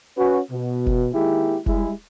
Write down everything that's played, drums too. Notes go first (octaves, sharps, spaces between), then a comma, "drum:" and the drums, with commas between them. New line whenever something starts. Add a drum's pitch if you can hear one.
C#4 F#4 B4
B2
drum: kick F1
D#3 G#3 A#3 E4 G4 G#4
G3 G#3 E4, drum: kick F1